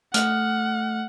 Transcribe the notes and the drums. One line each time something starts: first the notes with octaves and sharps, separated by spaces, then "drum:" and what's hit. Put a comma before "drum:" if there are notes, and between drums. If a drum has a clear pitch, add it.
A3 F#5 F6, drum: hi-hat